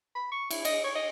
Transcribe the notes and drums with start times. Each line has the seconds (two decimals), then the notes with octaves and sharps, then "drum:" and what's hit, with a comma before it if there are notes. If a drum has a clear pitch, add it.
0.15 B5
0.32 C#6
0.51 E4, drum: cymbal
0.65 D#5, drum: cymbal
0.84 C#5
0.95 D#5